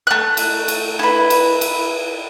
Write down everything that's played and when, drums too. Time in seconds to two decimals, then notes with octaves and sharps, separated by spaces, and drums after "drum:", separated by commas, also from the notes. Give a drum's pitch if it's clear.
0.07 A3 F#6
0.37 drum: cymbal
0.68 drum: cymbal
0.99 E4 B4
1.30 drum: cymbal
1.61 drum: cymbal